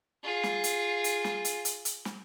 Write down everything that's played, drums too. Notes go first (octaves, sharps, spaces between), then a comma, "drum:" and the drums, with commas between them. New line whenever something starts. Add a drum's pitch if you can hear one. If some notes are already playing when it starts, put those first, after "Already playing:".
F4 G#4
drum: snare
drum: hi-hat
drum: hi-hat
drum: snare
drum: hi-hat
drum: hi-hat
drum: hi-hat
drum: snare